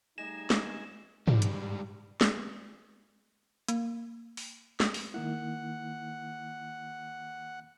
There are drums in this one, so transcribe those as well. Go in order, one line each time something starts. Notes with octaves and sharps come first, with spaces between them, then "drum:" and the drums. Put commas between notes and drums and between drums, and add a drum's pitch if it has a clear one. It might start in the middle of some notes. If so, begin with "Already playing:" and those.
G3 A3 D#4 G#4 D#5 G#5 A#6 E7
drum: snare
G#2 G3, drum: tom
drum: hi-hat
drum: snare
A#3, drum: hi-hat
drum: open hi-hat
drum: snare
drum: open hi-hat
D#3 A#3 E4 F#5